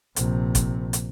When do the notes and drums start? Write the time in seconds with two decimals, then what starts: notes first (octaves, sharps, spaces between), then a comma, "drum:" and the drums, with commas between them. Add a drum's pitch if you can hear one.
0.16 A#1 C3, drum: hi-hat
0.55 drum: kick G1, hi-hat
0.93 drum: hi-hat